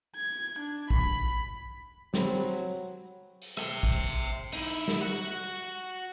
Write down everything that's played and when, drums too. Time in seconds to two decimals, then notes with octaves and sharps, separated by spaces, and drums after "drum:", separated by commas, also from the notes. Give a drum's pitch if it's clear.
0.16 G#6
0.59 D4
0.90 B5, drum: kick
2.14 F#3 C4 B5, drum: snare
3.42 drum: open hi-hat
3.57 E5 G5, drum: rim click
3.83 drum: kick
4.53 D#4 E4
4.88 drum: snare
5.01 F#4 F#5